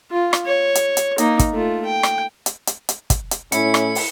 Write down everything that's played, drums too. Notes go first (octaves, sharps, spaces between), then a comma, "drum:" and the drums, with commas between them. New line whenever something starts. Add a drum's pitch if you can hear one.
F4
drum: rim click
C#5
drum: hi-hat
drum: hi-hat
A#3 D#4, drum: hi-hat
drum: kick, hi-hat
A3 F4
G5
drum: rim click
drum: hi-hat
drum: hi-hat
drum: hi-hat
drum: kick, hi-hat
drum: hi-hat
A2 C#4 E4 C#7, drum: hi-hat
drum: rim click
drum: open hi-hat